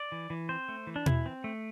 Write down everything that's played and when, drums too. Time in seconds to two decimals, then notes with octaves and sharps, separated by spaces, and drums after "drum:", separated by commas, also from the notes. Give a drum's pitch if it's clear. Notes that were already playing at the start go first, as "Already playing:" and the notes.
Already playing: D5
0.12 E3
0.30 E3
0.49 C4 C5
0.69 A3
0.87 E3
0.96 D4
1.06 E3 E4, drum: tom B2
1.26 C4
1.44 A3